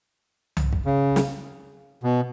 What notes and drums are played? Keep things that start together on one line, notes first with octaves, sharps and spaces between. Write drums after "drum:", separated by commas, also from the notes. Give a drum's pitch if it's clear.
drum: tom C2
drum: kick
C#3
drum: snare
B2